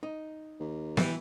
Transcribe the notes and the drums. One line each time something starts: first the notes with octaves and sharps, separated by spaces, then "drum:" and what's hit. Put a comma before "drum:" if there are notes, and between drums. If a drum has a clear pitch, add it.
D#4
D#2
E3 G3, drum: snare B3